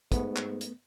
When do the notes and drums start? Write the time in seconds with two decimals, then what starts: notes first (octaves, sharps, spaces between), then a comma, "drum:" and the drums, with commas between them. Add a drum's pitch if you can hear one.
0.12 G#2 A3 B3, drum: kick, hi-hat
0.36 drum: clap
0.61 drum: hi-hat